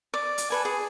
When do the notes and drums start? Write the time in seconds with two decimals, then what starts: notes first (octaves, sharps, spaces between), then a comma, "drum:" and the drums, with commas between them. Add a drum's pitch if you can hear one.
0.14 D5
0.38 drum: hi-hat
0.50 A4 B4 G#5
0.65 G#4